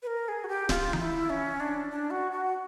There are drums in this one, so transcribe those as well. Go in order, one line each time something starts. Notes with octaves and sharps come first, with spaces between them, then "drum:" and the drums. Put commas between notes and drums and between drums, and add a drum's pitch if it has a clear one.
B4
A#4
G#4
F#4
G4
F4, drum: snare D1
D#4, drum: tom E3
E4
C#4
D4
D4
F#4
F#4